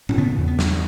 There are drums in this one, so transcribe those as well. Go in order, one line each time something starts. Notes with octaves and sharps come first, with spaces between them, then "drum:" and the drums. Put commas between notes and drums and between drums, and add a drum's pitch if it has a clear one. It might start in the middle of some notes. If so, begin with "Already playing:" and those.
C#4, drum: tom G#2
C#3 B3
E2
B3
E2, drum: snare